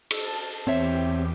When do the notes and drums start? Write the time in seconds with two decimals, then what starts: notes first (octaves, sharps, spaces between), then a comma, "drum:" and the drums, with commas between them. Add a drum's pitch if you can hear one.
0.11 A5, drum: cymbal
0.67 E2 C4 G4 C#5 E5